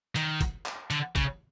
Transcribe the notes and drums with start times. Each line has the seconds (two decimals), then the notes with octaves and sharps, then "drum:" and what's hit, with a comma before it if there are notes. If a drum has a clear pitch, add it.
0.16 D#3, drum: hi-hat
0.41 drum: kick, hi-hat
0.66 drum: clap
0.91 D3, drum: hi-hat
1.16 C#3, drum: kick, hi-hat